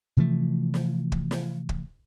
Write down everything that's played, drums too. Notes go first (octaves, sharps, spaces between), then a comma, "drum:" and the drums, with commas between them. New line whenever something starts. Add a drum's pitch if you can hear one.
C3 E3 F3 A3
drum: snare
drum: kick
drum: snare
drum: kick